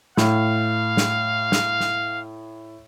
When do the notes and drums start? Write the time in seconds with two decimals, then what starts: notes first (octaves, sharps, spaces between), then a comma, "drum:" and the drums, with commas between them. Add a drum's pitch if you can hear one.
0.17 A2 F5, drum: snare
0.97 drum: snare
1.52 drum: snare
1.81 drum: snare